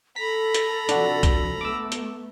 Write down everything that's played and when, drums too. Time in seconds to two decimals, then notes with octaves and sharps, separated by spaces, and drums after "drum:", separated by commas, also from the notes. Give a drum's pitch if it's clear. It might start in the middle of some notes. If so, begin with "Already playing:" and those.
0.16 A4 A#5 B5 B6
0.54 drum: hi-hat
0.89 C3 F3 D4 F#4, drum: hi-hat
1.23 drum: kick B1, hi-hat
1.61 A3 B3 D6 E6
1.92 drum: hi-hat